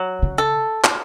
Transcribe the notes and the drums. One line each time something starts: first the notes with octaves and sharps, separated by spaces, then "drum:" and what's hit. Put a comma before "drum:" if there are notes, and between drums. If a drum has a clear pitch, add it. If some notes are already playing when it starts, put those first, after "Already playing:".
Already playing: F#3
C#3
A4
drum: clap